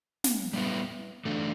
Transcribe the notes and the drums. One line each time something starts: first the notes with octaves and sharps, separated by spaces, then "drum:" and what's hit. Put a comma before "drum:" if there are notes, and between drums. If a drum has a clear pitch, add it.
drum: snare
G3 B3 E4 B4
E3 A3 D4